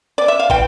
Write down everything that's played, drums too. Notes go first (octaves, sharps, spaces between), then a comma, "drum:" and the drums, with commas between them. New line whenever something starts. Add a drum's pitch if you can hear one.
D5
E5
F5
E3 G5, drum: kick